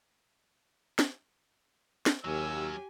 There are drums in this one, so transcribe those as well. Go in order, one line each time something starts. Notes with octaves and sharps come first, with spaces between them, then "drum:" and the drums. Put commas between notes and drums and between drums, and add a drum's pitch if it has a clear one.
drum: snare
drum: snare
D#2 F#3 C#4 G4 G#5 E6